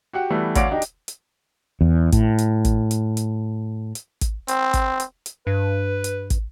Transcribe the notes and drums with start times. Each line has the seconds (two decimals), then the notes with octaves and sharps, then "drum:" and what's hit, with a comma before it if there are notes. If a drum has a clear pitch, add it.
0.13 F#4 G4 F#5
0.30 E3 G3 A3 B3
0.56 D2 C#5 D5 F5 A#6 D7, drum: kick, hi-hat
0.71 D4 D#4 G4
0.82 drum: hi-hat
1.08 drum: hi-hat
1.81 E2
2.13 A2, drum: kick, hi-hat
2.39 drum: hi-hat
2.65 drum: kick, hi-hat
2.91 drum: hi-hat
3.17 drum: hi-hat
3.95 drum: hi-hat
4.21 drum: kick, hi-hat
4.48 C4, drum: hi-hat
4.74 drum: kick, hi-hat
5.00 drum: hi-hat
5.26 drum: hi-hat
5.47 G2 B4
6.04 drum: hi-hat
6.30 drum: kick, hi-hat